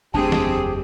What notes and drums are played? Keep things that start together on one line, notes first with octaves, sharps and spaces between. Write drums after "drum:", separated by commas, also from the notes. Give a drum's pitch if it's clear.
F#1 E2 A3 C4 D4 G4 G#4 A5
drum: snare